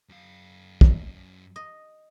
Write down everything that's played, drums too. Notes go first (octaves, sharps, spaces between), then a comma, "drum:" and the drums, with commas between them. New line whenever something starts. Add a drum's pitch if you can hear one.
F#2 F5
drum: kick
D#5